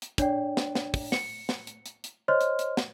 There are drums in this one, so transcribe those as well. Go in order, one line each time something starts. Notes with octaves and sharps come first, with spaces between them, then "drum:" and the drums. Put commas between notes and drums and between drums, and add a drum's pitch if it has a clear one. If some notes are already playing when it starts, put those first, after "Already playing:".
drum: hi-hat
D4 C#5 D5 G5, drum: kick, hi-hat
drum: snare
drum: snare
drum: kick, open hi-hat
C#7, drum: snare
drum: snare
drum: hi-hat
drum: hi-hat
drum: hi-hat
C5 C#5 D#5 C6 F6
drum: hi-hat
drum: hi-hat
drum: snare